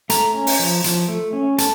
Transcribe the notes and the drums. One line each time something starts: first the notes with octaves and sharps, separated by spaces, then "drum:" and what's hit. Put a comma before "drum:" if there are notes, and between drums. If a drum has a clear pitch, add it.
A3 A#5, drum: hi-hat
C#4
drum: open hi-hat
F3
F3, drum: hi-hat
A3
C#4
A3 A5, drum: hi-hat